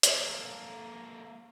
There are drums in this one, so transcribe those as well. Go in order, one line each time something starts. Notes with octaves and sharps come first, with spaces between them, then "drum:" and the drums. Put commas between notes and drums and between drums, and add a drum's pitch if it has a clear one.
drum: hi-hat
A#3 A4